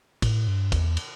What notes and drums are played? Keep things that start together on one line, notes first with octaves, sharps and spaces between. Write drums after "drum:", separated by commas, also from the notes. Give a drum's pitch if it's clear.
A2, drum: kick, cymbal
G2
E2, drum: kick, cymbal
drum: cymbal